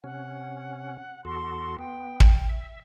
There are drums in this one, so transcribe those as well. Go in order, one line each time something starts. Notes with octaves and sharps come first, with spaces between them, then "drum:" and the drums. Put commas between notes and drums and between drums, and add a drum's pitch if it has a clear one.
C3 C#4 F#5
E2 F#4 A4 C6
B3 G5
drum: kick
E5